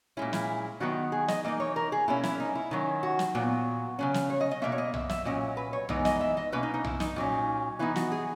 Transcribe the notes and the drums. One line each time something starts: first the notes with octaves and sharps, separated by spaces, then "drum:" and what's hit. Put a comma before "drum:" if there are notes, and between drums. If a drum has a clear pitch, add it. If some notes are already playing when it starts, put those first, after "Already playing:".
A#2 G#3 C#4 E4
E4, drum: snare
D#3 F#3 B3 D#4 F#4
G#4
D#5, drum: snare
E3 A#3 D#4 D#5
C#5
A#4
G#4
B2 A#3 C#4 E4
E4, drum: snare
D#4
E4
D#3 F#3 C#4
F#4
drum: snare
A#2 F#3 B3
C#3 F#3 C#4
drum: snare
C#5
D#5
D#5
B2 A#3 C#4 E5
C#5
D#5
E5, drum: tom B1
E5, drum: snare
A#2 F#3 C#4 D#5
B4
C#5
E3 G#3 B3 D#4 D#5, drum: tom B1
D#5, drum: snare
E5
D#5
B2 A#3 C#4 B4
D#4
D#4
E4, drum: tom B1
D#4, drum: snare
A#2 F#3 C#4
E3 B3 D#4 E4
F#4, drum: snare
G#4